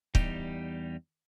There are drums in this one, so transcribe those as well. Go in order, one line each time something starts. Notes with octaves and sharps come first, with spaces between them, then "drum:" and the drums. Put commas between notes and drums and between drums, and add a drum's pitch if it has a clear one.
E2 G3 D#4 G4, drum: kick